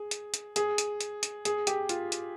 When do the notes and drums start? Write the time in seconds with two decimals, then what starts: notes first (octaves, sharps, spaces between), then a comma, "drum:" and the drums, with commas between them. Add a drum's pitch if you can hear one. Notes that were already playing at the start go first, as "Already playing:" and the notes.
Already playing: G#4
0.11 drum: hi-hat
0.34 drum: hi-hat
0.56 G#4, drum: hi-hat
0.78 drum: hi-hat
1.01 drum: hi-hat
1.23 drum: hi-hat
1.45 G#4, drum: hi-hat
1.67 G4, drum: hi-hat
1.89 F4, drum: hi-hat
2.12 drum: hi-hat